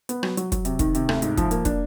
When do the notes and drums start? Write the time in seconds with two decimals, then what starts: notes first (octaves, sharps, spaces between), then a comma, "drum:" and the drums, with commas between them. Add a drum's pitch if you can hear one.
0.09 B3, drum: hi-hat
0.23 F#3, drum: rim click
0.37 F#3, drum: hi-hat
0.52 F#3, drum: kick, hi-hat
0.65 C3, drum: hi-hat
0.79 D#3, drum: kick, hi-hat
0.95 C3, drum: hi-hat
1.09 D2, drum: rim click
1.22 G#2, drum: hi-hat
1.37 F3, drum: kick, hi-hat
1.51 A#3, drum: hi-hat
1.65 D4, drum: kick, hi-hat